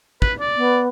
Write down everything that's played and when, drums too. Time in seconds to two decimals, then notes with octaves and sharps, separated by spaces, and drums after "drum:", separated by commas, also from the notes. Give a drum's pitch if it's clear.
0.22 B4, drum: kick
0.40 D5
0.56 B3